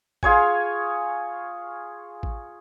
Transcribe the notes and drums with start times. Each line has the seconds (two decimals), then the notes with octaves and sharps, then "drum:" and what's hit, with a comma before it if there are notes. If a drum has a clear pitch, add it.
0.23 F4 G#4 C#5 G#5, drum: kick A1
2.23 drum: kick A1